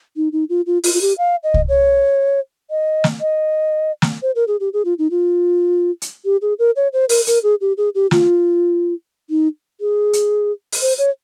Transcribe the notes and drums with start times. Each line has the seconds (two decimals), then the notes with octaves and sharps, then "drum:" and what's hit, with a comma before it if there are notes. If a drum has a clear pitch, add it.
0.17 D#4
0.33 D#4
0.49 F4
0.67 F4
0.84 F4, drum: open hi-hat
0.94 F4
1.01 G4
1.18 F5
1.43 D#5
1.54 drum: kick C2
1.69 C#5
2.70 D#5
3.04 drum: snare
3.21 D#5
4.02 drum: snare
4.22 C5
4.35 A#4
4.48 G#4
4.60 G4
4.73 G#4
4.85 F4
4.99 D#4
5.11 F4
6.02 drum: hi-hat
6.25 G4
6.42 G#4
6.59 A#4
6.76 C#5
6.93 C5
7.09 A#4, drum: open hi-hat
7.27 A#4, drum: hi-hat
7.43 G#4
7.61 G4
7.77 G#4
7.95 G4
8.11 F4, drum: snare
9.30 D#4
9.81 G#4
10.13 drum: hi-hat
10.72 drum: open hi-hat
10.82 C5
10.98 C#5